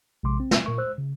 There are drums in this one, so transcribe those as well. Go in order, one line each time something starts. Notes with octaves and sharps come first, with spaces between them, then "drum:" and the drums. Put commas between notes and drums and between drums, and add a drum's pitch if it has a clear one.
A#1 C3 G#3 C6 D6
C4
drum: snare
A#2 A#4 C#6
C5 E6 F#6
C#3